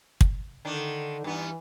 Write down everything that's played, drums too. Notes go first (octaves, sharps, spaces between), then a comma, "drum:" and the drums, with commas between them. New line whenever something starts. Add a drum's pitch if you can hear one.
drum: kick
D3 D#3 D4
G2 E3 B3